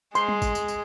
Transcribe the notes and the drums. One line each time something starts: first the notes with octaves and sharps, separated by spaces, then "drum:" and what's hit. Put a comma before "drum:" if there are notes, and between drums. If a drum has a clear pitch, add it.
G#3 C6, drum: tambourine
drum: tom G3
drum: kick G#1, tambourine
drum: tambourine
drum: tambourine